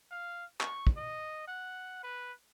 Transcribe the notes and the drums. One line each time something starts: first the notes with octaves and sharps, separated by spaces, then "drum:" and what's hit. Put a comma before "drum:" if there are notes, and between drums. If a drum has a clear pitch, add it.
F5
C#6, drum: clap
drum: kick
D#5
F#5
B4